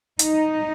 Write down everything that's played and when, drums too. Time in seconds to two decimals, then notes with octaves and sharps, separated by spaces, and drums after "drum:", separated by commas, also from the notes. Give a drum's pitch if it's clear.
0.19 D#4, drum: hi-hat